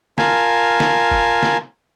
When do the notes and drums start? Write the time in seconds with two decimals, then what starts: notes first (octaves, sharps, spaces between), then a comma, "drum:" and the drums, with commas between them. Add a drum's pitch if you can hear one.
0.18 F4 A#4 G#5 A5, drum: snare
0.80 drum: snare
1.11 drum: kick
1.43 drum: snare